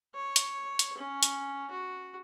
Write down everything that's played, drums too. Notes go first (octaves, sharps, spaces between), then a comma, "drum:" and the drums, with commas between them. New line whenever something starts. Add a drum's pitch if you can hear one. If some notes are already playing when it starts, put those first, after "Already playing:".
C#5
drum: hi-hat
drum: hi-hat
C#4
drum: hi-hat
F#4